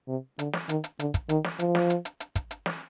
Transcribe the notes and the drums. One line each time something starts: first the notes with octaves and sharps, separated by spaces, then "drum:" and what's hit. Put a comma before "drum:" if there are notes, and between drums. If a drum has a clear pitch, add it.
C3
D3, drum: hi-hat
drum: snare
D#3, drum: hi-hat
drum: hi-hat
D3, drum: hi-hat
drum: kick, hi-hat
D#3, drum: hi-hat
drum: snare
F3, drum: hi-hat
drum: snare
drum: hi-hat
drum: hi-hat
drum: hi-hat
drum: kick, hi-hat
drum: hi-hat
drum: snare